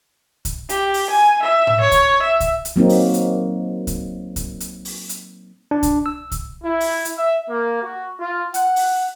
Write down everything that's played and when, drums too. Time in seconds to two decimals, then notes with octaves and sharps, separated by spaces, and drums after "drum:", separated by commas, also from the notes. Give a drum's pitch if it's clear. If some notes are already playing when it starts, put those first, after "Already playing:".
0.45 drum: kick C2, hi-hat
0.69 G4, drum: hi-hat
0.94 drum: open hi-hat
1.10 G#5
1.42 E5
1.67 drum: tom A2
1.80 C#5
1.92 drum: kick C2, hi-hat
2.22 E5
2.40 drum: kick C2, hi-hat
2.65 drum: hi-hat
2.76 F#3 A#3 C4 D#4
2.89 drum: open hi-hat
3.14 drum: hi-hat
3.87 drum: kick C2, hi-hat
4.36 drum: kick C2, hi-hat
4.60 drum: hi-hat
4.85 drum: open hi-hat
5.09 drum: hi-hat
5.71 D4
5.83 drum: kick C2, hi-hat
6.06 E6
6.32 drum: kick C2, hi-hat
6.63 E4
6.80 drum: open hi-hat
7.05 drum: hi-hat
7.18 E5
7.49 A#3
7.83 F#4
8.20 F4
8.54 F#5, drum: hi-hat
8.76 drum: open hi-hat